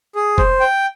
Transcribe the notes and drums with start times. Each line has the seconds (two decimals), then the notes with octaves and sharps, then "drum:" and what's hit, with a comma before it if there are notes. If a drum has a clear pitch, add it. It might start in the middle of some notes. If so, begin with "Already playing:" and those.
0.15 G#4
0.38 C5, drum: kick
0.60 G5